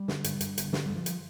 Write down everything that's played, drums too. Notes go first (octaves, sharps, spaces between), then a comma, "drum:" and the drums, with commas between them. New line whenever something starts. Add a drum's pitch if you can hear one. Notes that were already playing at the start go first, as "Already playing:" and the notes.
Already playing: G3
D3, drum: snare
G2, drum: hi-hat
G2, drum: hi-hat
D3, drum: hi-hat
D3 G3, drum: snare
G2 G3
F3
drum: hi-hat